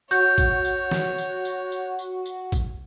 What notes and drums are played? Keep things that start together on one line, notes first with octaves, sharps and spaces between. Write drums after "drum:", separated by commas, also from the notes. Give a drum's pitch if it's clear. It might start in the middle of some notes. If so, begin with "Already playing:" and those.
F#4 C#5 G6, drum: tambourine
drum: kick, tambourine
drum: tambourine
drum: snare
drum: tambourine
drum: tambourine
drum: tambourine
drum: tambourine
drum: tambourine
drum: kick, tambourine